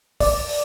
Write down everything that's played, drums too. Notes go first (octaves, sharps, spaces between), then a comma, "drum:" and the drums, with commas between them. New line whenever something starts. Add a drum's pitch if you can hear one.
D5, drum: kick, open hi-hat
drum: open hi-hat